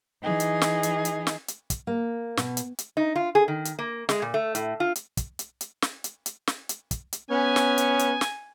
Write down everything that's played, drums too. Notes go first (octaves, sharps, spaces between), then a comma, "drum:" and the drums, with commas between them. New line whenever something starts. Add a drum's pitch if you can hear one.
E3 D#4 G#4
drum: hi-hat
drum: snare
drum: hi-hat
drum: hi-hat
drum: snare
drum: hi-hat
drum: kick, hi-hat
A#3
B2, drum: snare
drum: hi-hat
drum: hi-hat
D#4
F4
G#4
D#3
drum: hi-hat
A#3
G#3, drum: snare
A#2
A3
A2, drum: hi-hat
F4
drum: hi-hat
drum: kick, hi-hat
drum: hi-hat
drum: hi-hat
drum: snare
drum: hi-hat
drum: hi-hat
drum: snare
drum: hi-hat
drum: kick, hi-hat
drum: hi-hat
B3 C#4 G#5
drum: snare
drum: hi-hat
drum: hi-hat
drum: snare